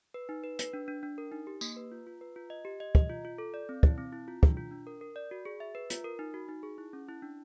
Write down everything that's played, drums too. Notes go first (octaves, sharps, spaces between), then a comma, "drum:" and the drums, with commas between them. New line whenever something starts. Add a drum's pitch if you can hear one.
B4
D#4
B4
B4, drum: hi-hat
D4
D4
D4
A#4
D#4
G4
A#3, drum: tambourine
B4
F4
F4
B4
F4
D#5
G4
D#5
D#5, drum: kick
F4
F4
A4
D5
C4
E4, drum: kick
C4
E4
F4
D4, drum: kick
F4
D4
A#4
A#4
D5
F#4
G#4
E5
B4
F4, drum: hi-hat
A#4
D#4
F#4
D#4
G#4
E4
C#4
E4
D4